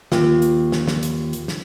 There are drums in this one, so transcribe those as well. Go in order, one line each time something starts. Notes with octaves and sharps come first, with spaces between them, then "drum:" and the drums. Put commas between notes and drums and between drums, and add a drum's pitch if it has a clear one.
D#2 F4, drum: snare
drum: hi-hat
drum: snare
drum: snare
drum: hi-hat
drum: hi-hat
drum: snare